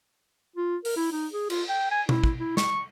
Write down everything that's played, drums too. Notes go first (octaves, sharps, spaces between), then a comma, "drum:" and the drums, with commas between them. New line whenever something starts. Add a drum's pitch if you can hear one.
F4
A#4, drum: open hi-hat
E4
D#4
G#4
F4, drum: cymbal
G5
G#5
E4, drum: tom B2
drum: kick
E4
C#6, drum: snare